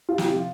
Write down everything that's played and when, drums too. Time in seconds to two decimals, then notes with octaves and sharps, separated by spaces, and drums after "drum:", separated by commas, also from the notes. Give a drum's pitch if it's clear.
0.09 F4
0.18 G4, drum: snare
0.24 C3 F3 F4